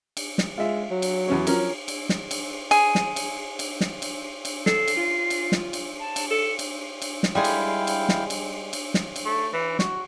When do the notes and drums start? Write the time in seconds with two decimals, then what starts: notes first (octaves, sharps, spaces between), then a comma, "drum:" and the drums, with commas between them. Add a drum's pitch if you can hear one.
0.17 drum: cymbal
0.38 drum: snare
0.58 G#3 F4 E5
0.91 F#3
1.02 drum: cymbal
1.28 E2 C#4 C#5
1.47 F3 C#4 A#4, drum: cymbal
1.88 drum: cymbal
2.09 drum: snare
2.31 drum: cymbal
2.71 G#4, drum: cymbal
2.95 drum: snare
3.16 drum: cymbal
3.59 drum: cymbal
3.81 drum: snare
4.02 drum: cymbal
4.45 drum: cymbal
4.66 A4 C7, drum: snare
4.88 drum: cymbal
4.97 F4
5.30 drum: cymbal
5.52 drum: snare
5.73 drum: cymbal
6.00 A5
6.16 drum: cymbal
6.30 A4 C#7
6.59 drum: cymbal
7.02 drum: cymbal
7.23 drum: snare
7.35 G3 G#3 E4 G#4 F5 G5
7.44 drum: cymbal
7.87 drum: cymbal
8.09 drum: snare
8.30 drum: cymbal
8.73 drum: cymbal
8.94 drum: snare
9.16 drum: cymbal
9.26 A3
9.53 E3
9.79 F#4, drum: snare